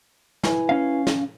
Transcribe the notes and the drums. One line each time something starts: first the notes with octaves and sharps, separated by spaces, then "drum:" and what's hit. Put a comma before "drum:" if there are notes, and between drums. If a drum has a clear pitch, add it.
E4 B4 G#5, drum: snare
C#4 F5
drum: snare